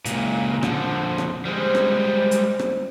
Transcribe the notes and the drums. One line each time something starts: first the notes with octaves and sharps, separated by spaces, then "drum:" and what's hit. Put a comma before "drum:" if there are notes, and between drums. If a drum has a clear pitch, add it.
C#2 A#2, drum: hi-hat
D3 F3, drum: rim click
drum: rim click
G3 G#3 C5
drum: rim click
drum: hi-hat
drum: rim click